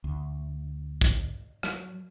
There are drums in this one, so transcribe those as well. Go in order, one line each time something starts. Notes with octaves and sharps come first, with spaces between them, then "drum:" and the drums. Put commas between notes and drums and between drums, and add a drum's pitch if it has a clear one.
D2
drum: kick
F#3, drum: rim click